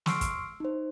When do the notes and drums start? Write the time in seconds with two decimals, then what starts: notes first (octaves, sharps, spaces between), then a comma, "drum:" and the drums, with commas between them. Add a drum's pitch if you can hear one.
0.06 C6 C#6 E6 F6 C7 D7, drum: snare
0.21 drum: kick, hi-hat
0.60 D#4 C5